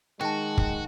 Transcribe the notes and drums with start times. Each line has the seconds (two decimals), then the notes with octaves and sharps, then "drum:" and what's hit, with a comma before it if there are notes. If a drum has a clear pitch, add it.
0.21 D#3 G#3 F#4 G5 A5
0.58 drum: kick